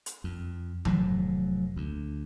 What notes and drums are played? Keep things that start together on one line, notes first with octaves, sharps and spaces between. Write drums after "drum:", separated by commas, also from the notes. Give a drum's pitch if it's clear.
drum: hi-hat
F2
F1 A2 F#3, drum: tom D#3
D2